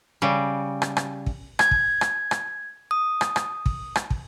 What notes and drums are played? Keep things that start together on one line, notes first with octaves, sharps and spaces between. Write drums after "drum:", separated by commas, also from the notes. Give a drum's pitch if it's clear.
C#3 G3
drum: rim click
drum: rim click
drum: kick
G#6, drum: rim click
drum: kick
drum: rim click
drum: rim click
D#6
drum: rim click
drum: rim click
drum: kick
drum: rim click
drum: kick